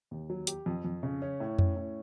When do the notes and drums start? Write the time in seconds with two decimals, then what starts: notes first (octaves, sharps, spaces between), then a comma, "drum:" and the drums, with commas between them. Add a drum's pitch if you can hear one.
0.11 D#2
0.30 F#3
0.47 G4, drum: hi-hat
0.66 F2
0.85 F2
1.03 C#3
1.22 C#4
1.40 A2
1.59 C#4, drum: tom F2
1.76 A2